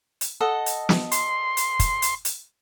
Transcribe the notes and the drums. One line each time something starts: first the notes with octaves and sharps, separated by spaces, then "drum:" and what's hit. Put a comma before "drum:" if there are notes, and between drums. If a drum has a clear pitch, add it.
drum: hi-hat
A4 D#5 F#5
drum: hi-hat
drum: snare
C6, drum: hi-hat
drum: hi-hat
drum: kick, hi-hat
drum: hi-hat
drum: hi-hat